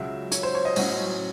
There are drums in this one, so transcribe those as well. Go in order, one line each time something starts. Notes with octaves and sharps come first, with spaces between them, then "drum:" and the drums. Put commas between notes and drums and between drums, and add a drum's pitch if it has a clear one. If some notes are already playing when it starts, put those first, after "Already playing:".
Already playing: C#2 C#3 F#3 E5
C#5, drum: hi-hat
C5
C#5
D#5
A2 F#3 C#4 D#5, drum: open hi-hat